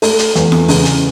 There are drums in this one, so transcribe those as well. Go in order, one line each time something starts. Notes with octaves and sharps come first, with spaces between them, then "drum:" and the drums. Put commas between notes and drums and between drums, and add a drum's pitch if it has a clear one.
A3, drum: open hi-hat
drum: hi-hat
E2, drum: hi-hat
drum: snare
C#3, drum: open hi-hat
drum: hi-hat